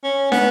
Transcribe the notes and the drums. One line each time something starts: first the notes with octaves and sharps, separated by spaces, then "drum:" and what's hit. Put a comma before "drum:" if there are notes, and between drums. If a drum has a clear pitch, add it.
C#4
B3, drum: snare